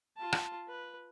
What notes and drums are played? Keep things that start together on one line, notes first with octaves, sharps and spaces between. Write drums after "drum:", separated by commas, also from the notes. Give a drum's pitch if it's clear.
F4 A5
drum: rim click
B4